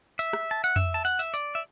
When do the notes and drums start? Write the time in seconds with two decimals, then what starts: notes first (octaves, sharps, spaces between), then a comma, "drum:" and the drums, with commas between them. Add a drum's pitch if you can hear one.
0.19 E5, drum: tambourine
0.33 drum: rim click
0.51 A5
0.64 F#5, drum: tambourine
0.76 E5, drum: tom F2
0.94 A5
1.05 F#5, drum: tambourine
1.19 E5, drum: tambourine
1.34 D5, drum: tambourine
1.55 E5